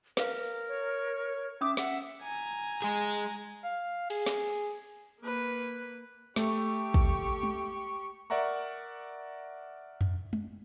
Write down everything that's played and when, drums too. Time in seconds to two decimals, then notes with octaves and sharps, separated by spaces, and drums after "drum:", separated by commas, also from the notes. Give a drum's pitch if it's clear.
0.17 A#4 B4 F5, drum: snare
0.68 C#5
1.61 C#4 E5 D6 D#6
1.77 E5 F#5, drum: snare
2.23 G#5 A#5
2.82 G#3 G#4
3.64 F5
4.10 G#4, drum: cymbal
4.26 drum: snare
5.21 A#3 B4
6.36 A3 G4 C#6, drum: snare
6.94 drum: kick
7.43 drum: tom
8.30 A#4 D5 E5 F#5 A#5 C#6
10.01 drum: tom F2
10.33 drum: tom